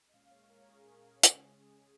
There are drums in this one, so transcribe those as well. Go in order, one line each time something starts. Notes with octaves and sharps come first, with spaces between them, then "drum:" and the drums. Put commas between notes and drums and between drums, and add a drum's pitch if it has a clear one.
D#5
A#2 G#3 C#4 F5
C#5
C#5
A#4
G#4
C#3 G#3 C#4, drum: hi-hat